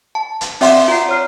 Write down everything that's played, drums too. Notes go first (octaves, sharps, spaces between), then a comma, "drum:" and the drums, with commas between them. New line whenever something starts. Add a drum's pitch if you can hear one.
A5
drum: hi-hat
C4 D5 E5 F#5 C6, drum: open hi-hat
F4 A#5 C7
C#5 F6 C7